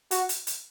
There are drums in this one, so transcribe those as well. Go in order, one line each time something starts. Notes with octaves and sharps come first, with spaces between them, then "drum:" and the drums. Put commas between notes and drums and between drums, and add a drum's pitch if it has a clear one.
F#4, drum: hi-hat
drum: hi-hat
drum: hi-hat